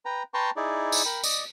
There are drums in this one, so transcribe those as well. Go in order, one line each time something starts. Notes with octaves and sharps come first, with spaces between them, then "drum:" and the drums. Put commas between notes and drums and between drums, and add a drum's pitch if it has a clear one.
B4 G5 A#5
B4 G5 A5 A#5 C6 C#6
D#4 E4 G#4 D5
drum: tambourine
A#4 G5 B5
D5 D#5, drum: tambourine